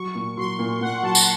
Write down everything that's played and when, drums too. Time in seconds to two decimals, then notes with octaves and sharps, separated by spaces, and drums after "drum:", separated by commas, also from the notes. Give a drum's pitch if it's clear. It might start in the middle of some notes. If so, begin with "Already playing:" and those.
Already playing: F#3 C#6
0.15 A#2
0.37 F#3 C6
0.59 A#2
0.81 A#2 F#5
1.03 F#3 A5
1.15 C6, drum: tambourine